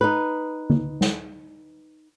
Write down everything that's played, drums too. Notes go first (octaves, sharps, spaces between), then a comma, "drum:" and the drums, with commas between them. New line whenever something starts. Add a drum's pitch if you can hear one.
D#4 B4
drum: tom
drum: snare